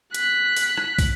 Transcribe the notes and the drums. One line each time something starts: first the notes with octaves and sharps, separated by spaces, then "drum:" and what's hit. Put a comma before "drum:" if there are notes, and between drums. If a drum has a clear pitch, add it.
F#6 B6, drum: hi-hat
drum: open hi-hat
drum: rim click
drum: kick, open hi-hat